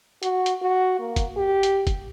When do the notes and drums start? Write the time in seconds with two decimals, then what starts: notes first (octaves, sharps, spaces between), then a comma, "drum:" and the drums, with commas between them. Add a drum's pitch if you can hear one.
0.23 F#4, drum: hi-hat
0.46 drum: hi-hat
0.62 F#4
1.00 A#3
1.16 drum: kick F#1, hi-hat
1.37 G4
1.63 drum: hi-hat
1.87 drum: kick F#1, hi-hat